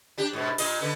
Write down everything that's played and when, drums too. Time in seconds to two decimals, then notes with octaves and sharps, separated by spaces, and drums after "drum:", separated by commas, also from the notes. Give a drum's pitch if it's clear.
0.18 D4 G4
0.33 G#2 B2
0.58 A#2 D#5, drum: cymbal
0.81 D3 B3